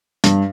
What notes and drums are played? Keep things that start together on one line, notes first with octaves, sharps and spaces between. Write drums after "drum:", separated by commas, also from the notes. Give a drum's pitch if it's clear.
G2, drum: hi-hat